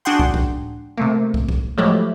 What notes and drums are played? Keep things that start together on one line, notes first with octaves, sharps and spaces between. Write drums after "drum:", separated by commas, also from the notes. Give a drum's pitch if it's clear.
D4 F#4 G#4 F#5 G5 C6
drum: kick
drum: kick
C3 A3 A#3
drum: kick
drum: kick
F3 F#3 G#3 A3 E4 G4